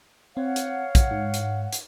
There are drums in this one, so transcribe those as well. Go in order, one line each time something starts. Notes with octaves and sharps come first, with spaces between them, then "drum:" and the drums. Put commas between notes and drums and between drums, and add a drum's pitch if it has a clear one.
C4 C#5 F5 F#5
drum: hi-hat
drum: kick, hi-hat
G#2
drum: hi-hat
drum: hi-hat